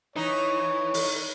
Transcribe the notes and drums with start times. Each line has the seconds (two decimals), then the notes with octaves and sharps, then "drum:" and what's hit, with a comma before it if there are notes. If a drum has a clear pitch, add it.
0.16 E3 D#4 C#5
0.94 drum: open hi-hat